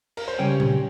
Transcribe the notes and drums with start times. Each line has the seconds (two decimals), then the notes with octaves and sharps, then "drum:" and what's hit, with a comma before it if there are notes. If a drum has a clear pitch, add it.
0.17 A#4, drum: cymbal
0.28 C5
0.39 C#2 C#3 G3 C#4 G4 C#5
0.60 drum: tom A#2